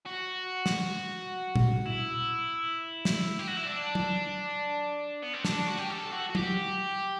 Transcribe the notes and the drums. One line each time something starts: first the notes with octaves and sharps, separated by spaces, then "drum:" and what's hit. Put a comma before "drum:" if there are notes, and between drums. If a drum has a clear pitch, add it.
F#4
drum: snare
drum: tom
E4
drum: snare
G4
F#4
E4
D4
drum: tom
B3
C4
D4, drum: snare
F#4
G4
A4
F#4
F#4
G4, drum: tom